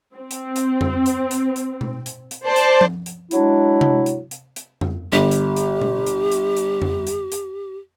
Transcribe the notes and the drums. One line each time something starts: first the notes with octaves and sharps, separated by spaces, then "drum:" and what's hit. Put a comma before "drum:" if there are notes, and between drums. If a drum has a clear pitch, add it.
C4
drum: hi-hat
drum: hi-hat
drum: tom F2
drum: hi-hat
drum: hi-hat
drum: hi-hat
drum: tom B2
drum: hi-hat
drum: hi-hat
C5 D5 A5
drum: hi-hat
drum: tom F3
drum: hi-hat
F#3 G#3 D4 E4, drum: hi-hat
drum: tom C3
drum: hi-hat
drum: hi-hat
drum: hi-hat
drum: tom F2
G1 G4
drum: hi-hat
drum: hi-hat
drum: tom B2
drum: hi-hat
drum: hi-hat
drum: hi-hat
drum: tom F2
drum: hi-hat
drum: hi-hat